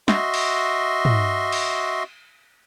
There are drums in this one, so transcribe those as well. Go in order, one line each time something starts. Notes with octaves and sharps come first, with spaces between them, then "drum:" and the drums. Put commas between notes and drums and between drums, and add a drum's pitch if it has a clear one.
F#4 D#5 E5 C6, drum: snare
drum: cymbal
drum: tom
drum: cymbal